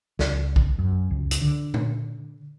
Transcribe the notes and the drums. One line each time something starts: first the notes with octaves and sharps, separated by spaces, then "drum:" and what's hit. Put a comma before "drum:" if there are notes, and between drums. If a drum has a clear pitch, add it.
C#2, drum: snare
drum: kick
F#2
C#2
drum: hi-hat
D3
drum: tom A#2